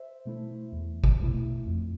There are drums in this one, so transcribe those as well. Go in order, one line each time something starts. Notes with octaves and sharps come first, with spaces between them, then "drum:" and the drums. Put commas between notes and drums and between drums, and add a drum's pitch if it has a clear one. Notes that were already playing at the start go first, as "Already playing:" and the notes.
Already playing: C5 E5
B2 A3 E4
E2
drum: kick
B2 A3 E4
F2